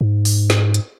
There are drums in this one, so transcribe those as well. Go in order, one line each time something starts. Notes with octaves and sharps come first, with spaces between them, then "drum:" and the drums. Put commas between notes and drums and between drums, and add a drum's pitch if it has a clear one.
G#2
drum: open hi-hat
drum: snare
drum: hi-hat